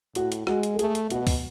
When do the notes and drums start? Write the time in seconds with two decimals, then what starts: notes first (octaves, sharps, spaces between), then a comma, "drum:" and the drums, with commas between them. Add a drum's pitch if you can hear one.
0.15 A2 F#4, drum: hi-hat
0.32 drum: hi-hat
0.47 G#3 F#4, drum: rim click
0.63 drum: hi-hat
0.74 A4
0.79 A3 G#4, drum: hi-hat
0.95 drum: hi-hat
1.10 B2 F#4, drum: hi-hat
1.27 drum: kick, open hi-hat